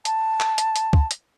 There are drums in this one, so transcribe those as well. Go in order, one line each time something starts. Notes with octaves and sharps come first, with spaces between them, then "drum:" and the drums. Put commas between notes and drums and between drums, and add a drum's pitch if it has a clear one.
A5, drum: hi-hat
drum: clap
drum: hi-hat
drum: hi-hat
drum: kick
drum: hi-hat